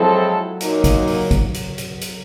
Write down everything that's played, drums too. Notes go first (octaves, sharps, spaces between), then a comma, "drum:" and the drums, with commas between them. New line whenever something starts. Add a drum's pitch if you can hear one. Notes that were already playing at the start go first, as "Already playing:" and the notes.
Already playing: F3 F#3 G#3 C4 E4 A4
A#2 F#3 A#3 D#4, drum: hi-hat
drum: kick, hi-hat
drum: open hi-hat
drum: kick, hi-hat
drum: hi-hat
drum: hi-hat
drum: hi-hat